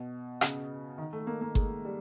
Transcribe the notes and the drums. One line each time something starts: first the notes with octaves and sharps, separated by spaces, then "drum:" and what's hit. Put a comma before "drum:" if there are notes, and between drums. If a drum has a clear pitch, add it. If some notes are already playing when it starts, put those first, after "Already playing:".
Already playing: B2
C#3, drum: rim click
D#3
A3
A#3
A#3
G#3, drum: kick G1
G3